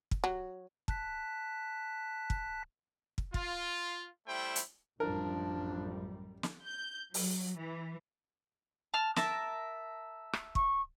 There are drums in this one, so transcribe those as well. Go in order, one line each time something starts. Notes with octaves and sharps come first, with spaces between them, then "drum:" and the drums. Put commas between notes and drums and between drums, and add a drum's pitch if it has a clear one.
drum: kick
F#3
A5 F#6 B6, drum: kick
drum: kick
drum: kick
F4, drum: kick
G3 A3 E4 C5 G5
drum: hi-hat
A1 F#2 F3 G3 D4 A#4
drum: snare
G6
F#3, drum: open hi-hat
E3
A5 F6
A#4 E5 A5, drum: snare
drum: rim click
C#6, drum: kick